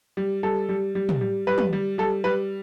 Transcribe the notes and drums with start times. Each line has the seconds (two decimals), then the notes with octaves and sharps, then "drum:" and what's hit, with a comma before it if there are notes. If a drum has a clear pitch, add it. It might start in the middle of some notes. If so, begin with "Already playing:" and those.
0.17 G3
0.43 G3 A4
0.69 G3
0.95 G3
1.09 drum: tom
1.21 G3
1.47 G3 B4
1.58 drum: tom
1.73 G3
1.98 G3 A4
2.24 G3 B4